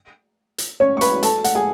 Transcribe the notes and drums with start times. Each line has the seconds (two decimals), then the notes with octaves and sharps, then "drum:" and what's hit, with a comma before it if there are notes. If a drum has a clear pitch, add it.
0.58 drum: hi-hat
0.80 C#4 C#5
0.97 C#6
1.01 B4 B5, drum: hi-hat
1.23 A4 A5, drum: hi-hat
1.44 F#5, drum: hi-hat
1.55 G#4 G#5